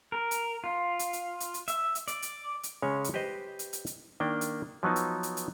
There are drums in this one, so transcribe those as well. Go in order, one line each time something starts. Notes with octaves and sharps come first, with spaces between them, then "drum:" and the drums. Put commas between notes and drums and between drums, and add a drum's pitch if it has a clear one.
A#4
drum: hi-hat
F4
drum: hi-hat
drum: hi-hat
drum: hi-hat
drum: hi-hat
E5, drum: hi-hat
drum: hi-hat
D5, drum: hi-hat
drum: hi-hat
drum: hi-hat
C#3 G#3 C#4 C#5
drum: hi-hat
G4 B4 C5 D#5
drum: hi-hat
drum: hi-hat
drum: hi-hat
D#3 A#3 D4 G5
drum: hi-hat
F3 F#3 B3 D#4
drum: hi-hat
drum: hi-hat
drum: hi-hat